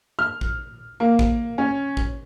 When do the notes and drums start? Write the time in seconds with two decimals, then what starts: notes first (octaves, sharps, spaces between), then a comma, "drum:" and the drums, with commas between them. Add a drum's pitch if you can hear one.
0.19 F6
0.41 drum: kick A1
1.00 A#3
1.19 drum: kick A1
1.58 C#4
1.97 drum: kick A1